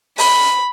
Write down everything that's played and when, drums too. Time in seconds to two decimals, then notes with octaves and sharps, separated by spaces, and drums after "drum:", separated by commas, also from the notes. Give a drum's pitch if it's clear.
0.18 B5, drum: open hi-hat